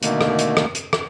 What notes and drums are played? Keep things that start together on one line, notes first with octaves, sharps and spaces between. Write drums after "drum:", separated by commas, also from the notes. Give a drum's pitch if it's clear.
B2 D3 D#3 A3 A#3, drum: hi-hat
drum: rim click
drum: hi-hat
drum: rim click
drum: hi-hat
drum: rim click